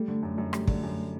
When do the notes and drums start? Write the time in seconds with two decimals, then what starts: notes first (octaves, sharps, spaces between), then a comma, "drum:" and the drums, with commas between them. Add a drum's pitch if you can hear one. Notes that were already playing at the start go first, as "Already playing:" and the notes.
Already playing: G3 A3
0.08 D3
0.23 F#2
0.38 F#2
0.53 G3, drum: rim click
0.67 D3, drum: kick
0.83 F#2